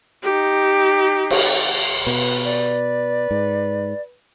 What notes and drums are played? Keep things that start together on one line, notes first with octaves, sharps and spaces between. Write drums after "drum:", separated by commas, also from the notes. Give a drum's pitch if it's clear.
D#4 G4
drum: cymbal
B2 B4
D5
G#2